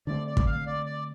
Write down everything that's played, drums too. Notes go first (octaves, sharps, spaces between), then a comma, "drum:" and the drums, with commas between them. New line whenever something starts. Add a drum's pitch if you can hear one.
D3 F3 A3 C4 D5
D5
drum: kick
F5
D5
D5